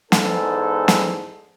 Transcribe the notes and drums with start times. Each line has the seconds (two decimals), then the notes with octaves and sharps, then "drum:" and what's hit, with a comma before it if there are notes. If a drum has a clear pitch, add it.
0.12 E2 G#2 A4, drum: snare
0.88 drum: snare